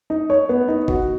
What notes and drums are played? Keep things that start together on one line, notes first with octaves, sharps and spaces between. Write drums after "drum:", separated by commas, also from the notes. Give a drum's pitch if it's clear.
D#4
C#5
B3
D#4
F#4, drum: kick